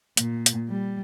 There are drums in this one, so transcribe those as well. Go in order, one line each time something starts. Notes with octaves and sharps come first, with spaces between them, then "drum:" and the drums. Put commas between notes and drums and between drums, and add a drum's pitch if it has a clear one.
A#2, drum: hi-hat
drum: hi-hat
G3